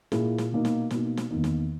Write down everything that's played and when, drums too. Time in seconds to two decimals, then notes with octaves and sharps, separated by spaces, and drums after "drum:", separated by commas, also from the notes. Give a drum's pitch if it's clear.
0.12 A#2 A#3 E4 G#4, drum: snare
0.38 drum: snare
0.52 B2 A#3 D#4
0.65 drum: snare
0.90 B2 A#3 D#4, drum: snare
1.17 drum: snare
1.30 E2 D#3 A#3 D#4
1.44 drum: snare